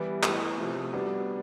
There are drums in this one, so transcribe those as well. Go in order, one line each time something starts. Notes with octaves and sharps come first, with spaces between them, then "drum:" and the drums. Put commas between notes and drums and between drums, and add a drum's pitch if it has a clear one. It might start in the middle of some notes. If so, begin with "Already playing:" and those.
Already playing: E3 G3 B3 E4
A2 E3 G#3, drum: clap
C3 F3 A3
G3 B3 D4 F#4